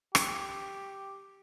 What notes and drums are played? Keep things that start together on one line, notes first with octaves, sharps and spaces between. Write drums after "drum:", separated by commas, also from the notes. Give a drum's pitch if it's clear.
G4, drum: rim click